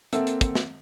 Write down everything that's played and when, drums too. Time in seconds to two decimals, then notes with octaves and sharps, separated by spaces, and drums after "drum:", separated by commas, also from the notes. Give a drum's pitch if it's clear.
0.13 A#3 C4 A4 E5 F#5, drum: hi-hat
0.27 drum: hi-hat
0.41 drum: kick, hi-hat
0.55 drum: snare